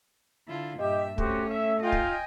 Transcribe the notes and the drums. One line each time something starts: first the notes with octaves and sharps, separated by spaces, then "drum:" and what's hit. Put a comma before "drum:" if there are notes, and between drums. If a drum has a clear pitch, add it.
D3 E4 F4
G2 A#2 G4 D#5 E5
A3 C4 C#4 F#4 G4, drum: kick
E5
D#4 F4 D#5 G5 G#5
drum: kick